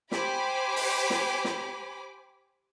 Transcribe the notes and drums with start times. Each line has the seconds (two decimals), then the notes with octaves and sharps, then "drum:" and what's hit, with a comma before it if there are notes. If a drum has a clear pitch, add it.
0.12 G4 C5 G#5 B5 D6, drum: snare
0.76 drum: open hi-hat
1.10 drum: snare
1.45 drum: snare